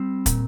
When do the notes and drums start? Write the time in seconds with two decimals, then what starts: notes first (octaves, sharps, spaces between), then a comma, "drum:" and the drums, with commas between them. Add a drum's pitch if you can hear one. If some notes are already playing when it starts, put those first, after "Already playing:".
Already playing: G3 C4
0.26 A#2, drum: kick, hi-hat